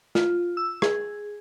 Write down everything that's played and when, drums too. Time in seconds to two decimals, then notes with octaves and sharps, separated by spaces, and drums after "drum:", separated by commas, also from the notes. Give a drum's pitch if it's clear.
0.15 F4, drum: snare
0.57 E6
0.82 G#4, drum: rim click